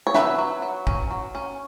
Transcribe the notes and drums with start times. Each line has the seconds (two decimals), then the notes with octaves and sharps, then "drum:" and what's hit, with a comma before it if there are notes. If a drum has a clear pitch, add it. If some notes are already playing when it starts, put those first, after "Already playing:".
0.07 C#5
0.14 F#3 B4 E5, drum: snare
0.38 F#3
0.62 F#3
0.87 C#4, drum: kick
1.11 F#3
1.35 C#4